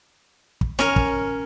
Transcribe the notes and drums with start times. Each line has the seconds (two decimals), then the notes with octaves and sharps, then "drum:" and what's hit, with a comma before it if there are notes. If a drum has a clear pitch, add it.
0.61 drum: kick
0.79 C#4 A#4, drum: snare
0.96 drum: kick